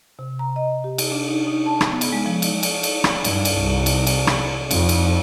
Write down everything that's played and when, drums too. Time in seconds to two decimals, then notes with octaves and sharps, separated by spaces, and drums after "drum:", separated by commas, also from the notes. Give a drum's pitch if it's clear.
0.19 C3
0.39 A#5
0.56 D#5
0.84 G4
0.98 drum: cymbal
1.12 D4
1.28 D#4
1.47 D#4
1.66 A5
1.81 drum: rim click
1.90 B3
2.01 drum: cymbal
2.12 G#3
2.26 F3
2.42 drum: cymbal
2.63 drum: cymbal
2.83 drum: cymbal
3.04 drum: rim click
3.24 G2, drum: cymbal
3.45 drum: cymbal
3.58 C2
3.86 drum: cymbal
4.07 drum: cymbal
4.27 drum: rim click
4.71 F2, drum: cymbal
4.89 drum: cymbal